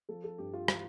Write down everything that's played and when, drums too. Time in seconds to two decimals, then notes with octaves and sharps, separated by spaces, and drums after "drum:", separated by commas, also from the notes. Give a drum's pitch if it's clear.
0.09 F3 A4
0.24 A4
0.38 G2 G4
0.54 F4
0.68 E3 F4, drum: rim click